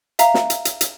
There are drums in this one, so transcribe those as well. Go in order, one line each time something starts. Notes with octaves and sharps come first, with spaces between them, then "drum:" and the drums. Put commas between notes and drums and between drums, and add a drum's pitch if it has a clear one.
E5 F5 A#5, drum: hi-hat
drum: snare
drum: hi-hat
drum: hi-hat
drum: hi-hat